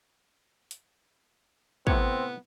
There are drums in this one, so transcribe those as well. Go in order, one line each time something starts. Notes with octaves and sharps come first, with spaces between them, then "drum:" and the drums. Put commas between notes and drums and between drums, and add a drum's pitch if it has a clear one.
drum: hi-hat
A2 C3 B3 C4 C#5, drum: kick